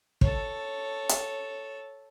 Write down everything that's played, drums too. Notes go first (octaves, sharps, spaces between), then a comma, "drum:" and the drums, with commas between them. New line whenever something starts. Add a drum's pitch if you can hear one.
A4 C#5, drum: kick
drum: hi-hat